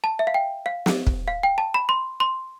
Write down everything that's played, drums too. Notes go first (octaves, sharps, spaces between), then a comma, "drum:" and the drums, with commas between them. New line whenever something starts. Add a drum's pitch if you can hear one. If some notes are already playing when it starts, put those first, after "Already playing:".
A5
E5
F5
G5
F5
drum: snare
drum: kick
F5
G5
A5
B5
C6
C6